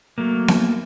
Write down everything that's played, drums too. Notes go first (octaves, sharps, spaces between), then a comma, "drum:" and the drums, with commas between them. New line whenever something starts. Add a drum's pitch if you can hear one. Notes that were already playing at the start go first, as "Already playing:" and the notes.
F#3 A3 A#3
drum: snare B3